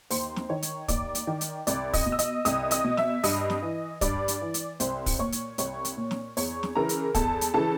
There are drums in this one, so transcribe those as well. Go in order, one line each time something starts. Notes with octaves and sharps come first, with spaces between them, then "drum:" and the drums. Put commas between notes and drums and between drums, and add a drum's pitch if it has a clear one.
D#2 C5 C6, drum: open hi-hat
drum: snare
D#3 C#5 C#6
drum: hi-hat
D#2 D5 D6, drum: kick, hi-hat
drum: hi-hat
D#3
drum: hi-hat
C2 D5 D6, drum: hi-hat
D#5 D#6, drum: kick, open hi-hat
B2
E6
D#5 D#6, drum: hi-hat
C2 D#5 D#6, drum: hi-hat
D#5 D#6, drum: hi-hat
B2
E5 E6, drum: snare
G2 D#5 D#6, drum: open hi-hat
drum: snare
E3
G2 D5 D6, drum: kick, hi-hat
drum: hi-hat
E3
drum: hi-hat
C2 C5 C6, drum: hi-hat
drum: kick, open hi-hat
A#2 C#5 C#6
drum: hi-hat
C2 C#5 C#6, drum: hi-hat
drum: hi-hat
A#2
drum: snare
E2 C#5 C#6, drum: open hi-hat
drum: snare
C#3 E3 A#4 A#5
drum: hi-hat
E2 A4 A5, drum: kick, hi-hat
drum: hi-hat
C#3 E3 A4 A5